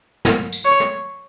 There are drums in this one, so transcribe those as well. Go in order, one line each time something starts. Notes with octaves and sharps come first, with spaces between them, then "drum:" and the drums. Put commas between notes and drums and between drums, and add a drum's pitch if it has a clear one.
drum: snare
drum: tambourine
C#5
drum: rim click